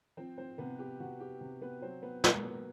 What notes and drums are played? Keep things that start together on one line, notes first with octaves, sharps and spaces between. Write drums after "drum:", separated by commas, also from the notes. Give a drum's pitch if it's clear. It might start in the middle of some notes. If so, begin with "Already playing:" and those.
F3 C4 C5
C4 C5
C3 B3 B4
G4
C3 F#4
G4
C3
B3 B4
F#3 C4 C5
B3 B4
F#3 A#3 A#4, drum: snare
B3 B4